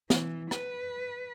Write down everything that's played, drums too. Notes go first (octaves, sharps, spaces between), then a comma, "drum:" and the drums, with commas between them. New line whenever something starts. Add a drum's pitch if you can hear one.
E3, drum: snare
B4, drum: rim click